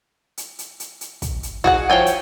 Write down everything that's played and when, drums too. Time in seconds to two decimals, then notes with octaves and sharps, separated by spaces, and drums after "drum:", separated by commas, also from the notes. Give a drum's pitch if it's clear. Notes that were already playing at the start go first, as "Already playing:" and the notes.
0.37 drum: hi-hat
0.59 drum: hi-hat
0.80 drum: hi-hat
1.01 drum: hi-hat
1.22 drum: kick, hi-hat
1.43 drum: hi-hat
1.64 F#4 G#4 F#5, drum: kick
1.90 F3 C#5 G5 G#5
2.06 drum: hi-hat